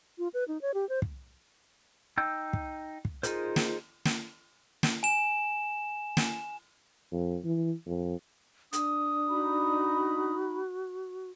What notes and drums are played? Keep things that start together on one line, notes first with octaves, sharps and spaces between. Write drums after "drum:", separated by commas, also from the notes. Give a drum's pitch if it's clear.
F4
B4
D#4
C#5
G4
C5
drum: kick
D#4 G5 E6 G6
drum: kick
drum: kick
D#4 F4 G#4 A#4 C5, drum: hi-hat
drum: snare
drum: snare
drum: snare
G#5 E7
drum: snare
F2
E3
F2
D4 D#6, drum: hi-hat
D#4 F#4 B5